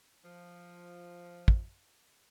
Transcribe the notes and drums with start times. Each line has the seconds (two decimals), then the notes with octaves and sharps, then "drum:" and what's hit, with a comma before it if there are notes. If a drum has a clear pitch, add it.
0.24 F3
1.48 drum: kick